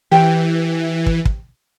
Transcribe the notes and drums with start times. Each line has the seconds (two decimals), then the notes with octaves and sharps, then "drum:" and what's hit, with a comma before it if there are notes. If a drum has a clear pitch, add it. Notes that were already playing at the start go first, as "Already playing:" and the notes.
0.11 E3 G4 C5 G5
1.06 drum: kick
1.25 drum: kick